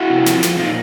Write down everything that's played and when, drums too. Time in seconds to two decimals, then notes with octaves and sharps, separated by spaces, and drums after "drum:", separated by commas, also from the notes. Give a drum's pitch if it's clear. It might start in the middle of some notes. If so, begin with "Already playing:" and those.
Already playing: E4 F#4
0.10 C3
0.26 F3, drum: snare
0.43 F2, drum: snare
0.59 A#2 D#4 F4